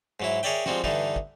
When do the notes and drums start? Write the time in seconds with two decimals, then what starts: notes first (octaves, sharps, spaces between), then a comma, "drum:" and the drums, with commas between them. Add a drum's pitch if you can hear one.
0.20 G#2 F#3 E4
0.43 G#4 A#4 C#5 D5 E5 G5
0.66 F3 G3 G#3 C4 F#4, drum: snare
0.84 G2 D3 E3 D4 D#4, drum: kick
1.16 drum: kick